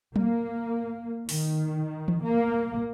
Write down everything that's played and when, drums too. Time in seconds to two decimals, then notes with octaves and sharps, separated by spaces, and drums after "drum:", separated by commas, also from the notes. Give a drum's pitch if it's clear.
0.16 A#3, drum: tom F#3
1.29 D#3, drum: open hi-hat
2.08 drum: tom E3
2.23 A#3